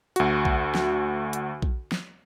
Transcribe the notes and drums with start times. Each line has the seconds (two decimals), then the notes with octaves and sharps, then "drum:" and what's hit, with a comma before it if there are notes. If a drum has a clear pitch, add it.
0.16 D2 F#4, drum: hi-hat
0.45 drum: kick A#1
0.75 drum: snare
1.33 drum: hi-hat
1.62 drum: kick A#1
1.92 drum: snare